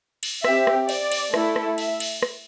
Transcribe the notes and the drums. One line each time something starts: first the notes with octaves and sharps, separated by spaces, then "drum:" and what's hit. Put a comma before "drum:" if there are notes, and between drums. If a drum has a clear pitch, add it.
drum: cymbal
C4 G4 E5, drum: rim click
drum: rim click
D5, drum: cymbal
drum: cymbal
A3 E4 A4, drum: rim click
drum: rim click
E5, drum: cymbal
drum: cymbal
drum: rim click